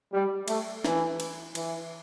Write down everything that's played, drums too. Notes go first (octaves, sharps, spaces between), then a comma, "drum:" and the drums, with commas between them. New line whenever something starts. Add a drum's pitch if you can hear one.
G3
A3, drum: cymbal
E3, drum: snare
drum: cymbal
E3, drum: cymbal